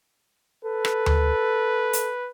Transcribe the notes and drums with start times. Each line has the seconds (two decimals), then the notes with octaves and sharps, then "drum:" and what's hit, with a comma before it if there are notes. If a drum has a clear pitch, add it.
0.65 A4 B4
0.85 drum: rim click
1.06 drum: tom D2
1.93 drum: hi-hat